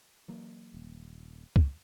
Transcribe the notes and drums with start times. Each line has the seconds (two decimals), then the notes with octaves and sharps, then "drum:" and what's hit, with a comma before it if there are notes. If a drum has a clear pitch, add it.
0.28 E3 F#3 A#3
0.74 D#1
1.56 drum: kick C#2